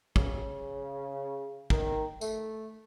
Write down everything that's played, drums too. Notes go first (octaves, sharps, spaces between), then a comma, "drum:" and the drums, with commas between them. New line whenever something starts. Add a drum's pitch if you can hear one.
C#3, drum: kick
D#3, drum: kick
A3, drum: tambourine